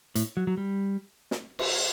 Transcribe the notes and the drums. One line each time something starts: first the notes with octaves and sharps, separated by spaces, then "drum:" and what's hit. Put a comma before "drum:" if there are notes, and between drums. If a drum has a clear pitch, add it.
A2, drum: hi-hat
F#3
F#3
G3
drum: snare
drum: cymbal